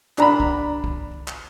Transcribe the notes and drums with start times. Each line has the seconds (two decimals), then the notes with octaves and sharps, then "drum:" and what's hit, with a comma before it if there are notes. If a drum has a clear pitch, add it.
0.18 D4 A#5 B5, drum: clap
0.40 drum: kick
0.84 drum: kick
1.28 drum: clap